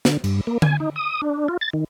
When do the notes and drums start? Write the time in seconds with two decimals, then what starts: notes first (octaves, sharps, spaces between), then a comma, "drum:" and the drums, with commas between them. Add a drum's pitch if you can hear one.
0.05 D3, drum: snare
0.24 G2, drum: cymbal
0.47 A#3
0.62 G#5, drum: tom D3
0.80 D#4
0.96 D#6
1.22 D4
1.48 F4
1.61 A6
1.73 D#3